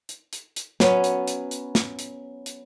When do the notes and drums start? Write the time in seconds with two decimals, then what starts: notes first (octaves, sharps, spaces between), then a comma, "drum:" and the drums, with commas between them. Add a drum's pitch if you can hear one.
0.09 drum: hi-hat
0.33 drum: hi-hat
0.56 drum: hi-hat
0.80 F#3 B3 C#4, drum: snare
1.04 drum: hi-hat
1.28 drum: hi-hat
1.51 drum: hi-hat
1.75 drum: snare
1.99 drum: hi-hat
2.46 drum: hi-hat